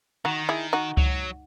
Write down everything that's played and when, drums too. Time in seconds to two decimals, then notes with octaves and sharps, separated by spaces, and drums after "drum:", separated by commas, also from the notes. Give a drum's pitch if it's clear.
0.25 D#3 D#4 F#4
0.49 E4 G#4
0.73 D#4 F#4
0.97 F#3, drum: kick C#2